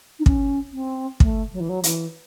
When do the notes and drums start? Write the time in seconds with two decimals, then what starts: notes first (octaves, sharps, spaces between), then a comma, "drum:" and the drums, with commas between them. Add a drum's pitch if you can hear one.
0.19 D#4
0.26 C#4, drum: kick
0.73 C4
1.20 A3, drum: kick
1.52 F#3
1.60 E3
1.69 F#3
1.84 E3, drum: hi-hat